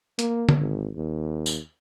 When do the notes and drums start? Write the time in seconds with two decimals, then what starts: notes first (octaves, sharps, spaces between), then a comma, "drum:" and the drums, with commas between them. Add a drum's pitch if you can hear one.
0.19 A#3, drum: hi-hat
0.49 drum: tom
0.59 G#1
0.96 D#2
1.46 drum: tambourine